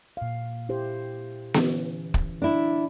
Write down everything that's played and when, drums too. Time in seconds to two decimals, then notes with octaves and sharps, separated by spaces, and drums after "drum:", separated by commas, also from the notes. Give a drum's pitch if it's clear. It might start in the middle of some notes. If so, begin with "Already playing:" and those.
0.17 A#2 F5
0.69 E4 G4 C5
1.54 D3 E3 C#4, drum: snare B3
2.14 drum: kick
2.42 D4 E4